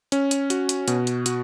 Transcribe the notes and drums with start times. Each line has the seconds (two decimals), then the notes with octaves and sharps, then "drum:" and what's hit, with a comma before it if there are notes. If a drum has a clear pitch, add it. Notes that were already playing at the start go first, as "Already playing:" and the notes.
0.12 C#4, drum: hi-hat
0.31 drum: hi-hat
0.50 F#4, drum: hi-hat
0.69 drum: hi-hat
0.88 B2, drum: hi-hat
1.07 drum: hi-hat
1.26 F#4, drum: hi-hat